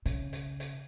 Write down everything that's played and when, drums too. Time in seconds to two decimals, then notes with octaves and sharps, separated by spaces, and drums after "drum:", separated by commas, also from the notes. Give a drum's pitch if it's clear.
0.06 C#3, drum: hi-hat
0.33 drum: hi-hat
0.60 drum: hi-hat